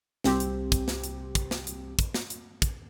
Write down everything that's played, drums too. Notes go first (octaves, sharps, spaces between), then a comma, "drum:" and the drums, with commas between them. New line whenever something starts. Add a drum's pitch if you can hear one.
C2 C4 G4, drum: snare
drum: hi-hat
drum: kick, hi-hat
drum: snare
drum: hi-hat
drum: kick, hi-hat
drum: snare
drum: hi-hat
drum: kick, hi-hat
drum: snare
drum: hi-hat
drum: kick, hi-hat